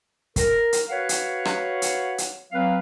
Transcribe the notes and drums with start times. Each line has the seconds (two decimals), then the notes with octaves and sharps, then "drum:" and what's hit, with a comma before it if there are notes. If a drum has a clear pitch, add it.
0.36 A#4, drum: kick, hi-hat
0.73 drum: hi-hat
0.89 F#4 B4 C#5 F5 F#5
1.09 drum: hi-hat
1.45 drum: rim click
1.82 drum: hi-hat
2.18 drum: hi-hat
2.52 F#3 C4 B4 F5